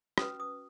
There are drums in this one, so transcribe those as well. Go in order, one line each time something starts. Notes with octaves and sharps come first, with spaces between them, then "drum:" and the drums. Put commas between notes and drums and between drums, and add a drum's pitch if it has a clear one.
C#4 F#4 B4 D#6, drum: rim click
D#6